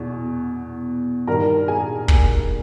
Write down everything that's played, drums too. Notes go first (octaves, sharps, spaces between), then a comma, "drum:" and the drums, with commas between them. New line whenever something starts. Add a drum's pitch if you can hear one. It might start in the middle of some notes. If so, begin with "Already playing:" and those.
Already playing: E2 B2
G2 D#3 A#4 A#5
G#4 G#5
drum: kick